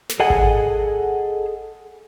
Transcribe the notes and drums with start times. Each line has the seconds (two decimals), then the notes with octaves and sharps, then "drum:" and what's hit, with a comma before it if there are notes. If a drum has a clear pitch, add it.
0.09 drum: snare
0.20 G#4 A4 D#5 F#5 G#5
0.30 drum: kick G#1